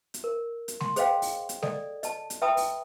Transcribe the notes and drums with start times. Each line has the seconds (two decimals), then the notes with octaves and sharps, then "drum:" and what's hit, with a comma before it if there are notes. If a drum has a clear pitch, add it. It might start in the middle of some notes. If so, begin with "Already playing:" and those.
0.14 drum: hi-hat
0.24 A#4
0.68 drum: hi-hat
0.80 C6, drum: snare G#3
0.96 G#4 C5 C#5 D#5 F5 G5, drum: hi-hat
1.22 drum: open hi-hat
1.49 drum: hi-hat
1.62 A4 D5 D#5, drum: snare G#3
2.03 D#5 A5, drum: hi-hat
2.30 drum: hi-hat
2.42 B4 E5 G5 A5 B5 D#6
2.57 drum: open hi-hat